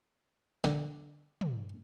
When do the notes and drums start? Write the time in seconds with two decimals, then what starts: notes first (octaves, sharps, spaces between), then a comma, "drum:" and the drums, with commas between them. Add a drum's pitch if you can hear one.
0.64 D3, drum: snare
1.41 drum: tom